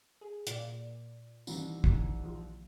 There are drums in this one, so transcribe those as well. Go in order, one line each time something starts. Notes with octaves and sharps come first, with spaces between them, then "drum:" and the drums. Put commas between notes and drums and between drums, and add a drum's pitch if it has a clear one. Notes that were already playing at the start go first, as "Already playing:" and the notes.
G#4
A#2 D5, drum: hi-hat
C2 D#3 E3, drum: tambourine
drum: kick
A#1 F3